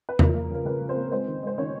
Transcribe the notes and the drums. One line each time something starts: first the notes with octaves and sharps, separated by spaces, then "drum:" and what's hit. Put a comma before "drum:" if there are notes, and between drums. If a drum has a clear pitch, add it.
B4
F3 A#4, drum: tom E2
A#3
C#3 A#4
C#3 B4
F3
C4 C5
A#3
G#3 C4 C5
D#3
G#3 C5
D#3 C#4 C#5